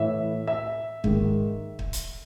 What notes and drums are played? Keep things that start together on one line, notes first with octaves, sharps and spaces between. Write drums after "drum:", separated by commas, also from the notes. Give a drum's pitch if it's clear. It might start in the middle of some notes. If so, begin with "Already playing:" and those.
Already playing: A2 E3 E5
E5
G#2 D#3, drum: kick
drum: kick
drum: hi-hat